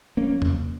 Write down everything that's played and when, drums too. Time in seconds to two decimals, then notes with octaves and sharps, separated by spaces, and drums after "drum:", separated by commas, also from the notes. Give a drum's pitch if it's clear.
0.17 F3 A#3 C#4
0.42 drum: tom E2